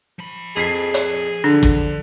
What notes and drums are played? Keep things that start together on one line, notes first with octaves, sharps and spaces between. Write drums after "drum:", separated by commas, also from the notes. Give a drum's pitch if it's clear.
F3 B5
F2 G#4 B6 C7
drum: hi-hat
D3 D4
drum: kick